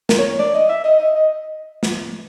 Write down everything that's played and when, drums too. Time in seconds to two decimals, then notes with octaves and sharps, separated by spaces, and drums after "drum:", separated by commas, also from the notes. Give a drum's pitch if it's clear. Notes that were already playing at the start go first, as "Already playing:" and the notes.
0.09 A#4, drum: snare
0.19 C#5
0.39 D5
0.54 D#5
0.69 E5
0.84 D#5
0.99 D#5
1.15 D#5
1.83 drum: snare